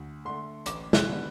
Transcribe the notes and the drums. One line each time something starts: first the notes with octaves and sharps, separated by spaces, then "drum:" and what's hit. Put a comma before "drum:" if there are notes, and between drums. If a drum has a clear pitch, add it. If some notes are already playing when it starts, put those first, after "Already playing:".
Already playing: D2
D3 A3 C6
A1 D6, drum: hi-hat
F#6, drum: snare
D3 G3 B3